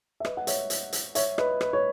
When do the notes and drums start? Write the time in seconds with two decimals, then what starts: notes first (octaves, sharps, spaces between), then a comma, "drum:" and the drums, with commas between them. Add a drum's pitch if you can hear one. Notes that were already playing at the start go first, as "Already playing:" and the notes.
0.20 E5
0.25 B4 D#5, drum: rim click
0.37 F#5
0.47 C#5 E5, drum: hi-hat
0.70 drum: hi-hat
0.93 drum: hi-hat
1.15 C#5 E5, drum: hi-hat
1.38 B4 D#5, drum: rim click
1.61 B4, drum: rim click
1.73 C#5